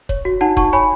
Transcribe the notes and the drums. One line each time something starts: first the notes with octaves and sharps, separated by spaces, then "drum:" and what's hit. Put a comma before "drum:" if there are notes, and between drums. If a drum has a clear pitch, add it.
C#5, drum: kick E1
F#4
D#4 F#5 A5
D#4 A5 C#6, drum: kick E1
C#5 G#5 B5